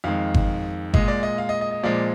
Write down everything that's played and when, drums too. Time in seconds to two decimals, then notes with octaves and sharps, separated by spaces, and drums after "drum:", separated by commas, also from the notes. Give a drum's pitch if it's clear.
0.04 F2 D#3 G#3 F5
0.34 drum: kick G1
0.94 A#2 G#3 D#5, drum: kick G1
1.08 D5
1.23 D#5
1.38 F5
1.49 D#5
1.61 D#5
1.71 D#5
1.83 A#2 F3 G#3 D5